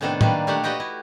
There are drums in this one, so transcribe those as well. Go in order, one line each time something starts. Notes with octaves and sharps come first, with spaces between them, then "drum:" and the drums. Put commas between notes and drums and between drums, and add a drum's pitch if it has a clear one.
A2 C3 D#3 B3 D4 A4
D#3 G3 A#3 D4 B4, drum: tom
A#2 A3 D4 G4 F5 F#5
F#4 G4 B4 D#5 G5
E4